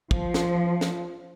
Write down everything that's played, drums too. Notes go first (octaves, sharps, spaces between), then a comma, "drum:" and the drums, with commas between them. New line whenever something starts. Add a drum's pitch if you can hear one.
F3, drum: kick
drum: snare
drum: snare